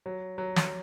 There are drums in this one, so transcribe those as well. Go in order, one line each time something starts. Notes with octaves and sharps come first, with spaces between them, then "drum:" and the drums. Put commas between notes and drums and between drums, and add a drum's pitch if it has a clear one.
F#3
F#3
drum: snare